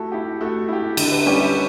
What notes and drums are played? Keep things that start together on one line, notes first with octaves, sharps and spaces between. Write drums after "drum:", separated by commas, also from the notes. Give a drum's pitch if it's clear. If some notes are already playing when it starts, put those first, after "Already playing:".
Already playing: A3 E4 F#4 G4 A4
E4 G4
A3 F#4 A4
E4 G4
D3, drum: cymbal
G4 B4
E5
G3 C#4 G4 B4 D5
C#5 E5